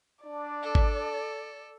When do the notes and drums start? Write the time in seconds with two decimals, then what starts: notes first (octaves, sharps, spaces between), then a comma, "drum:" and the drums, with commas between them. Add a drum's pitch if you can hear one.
0.25 D4 D5
0.62 A4
0.75 drum: kick G#1